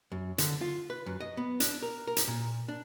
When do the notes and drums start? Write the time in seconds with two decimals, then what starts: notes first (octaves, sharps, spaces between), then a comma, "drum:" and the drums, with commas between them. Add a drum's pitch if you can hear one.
0.12 F#2
0.38 D3, drum: hi-hat
0.61 F4
0.90 B4
1.06 F#2
1.20 D#5
1.37 B3
1.60 D4, drum: hi-hat
1.83 A#4
2.07 A#4
2.17 drum: hi-hat
2.28 A#2
2.68 D4